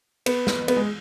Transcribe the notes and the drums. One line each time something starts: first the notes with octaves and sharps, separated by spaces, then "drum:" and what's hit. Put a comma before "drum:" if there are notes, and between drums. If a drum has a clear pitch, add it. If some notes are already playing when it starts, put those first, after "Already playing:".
B3, drum: cymbal
drum: snare
B3, drum: cymbal
G#3